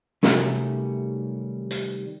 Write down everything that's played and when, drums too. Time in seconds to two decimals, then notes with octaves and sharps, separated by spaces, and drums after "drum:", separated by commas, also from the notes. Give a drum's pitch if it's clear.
0.23 C3 D#3 F#3 G3 A3 C#4, drum: snare
1.71 drum: hi-hat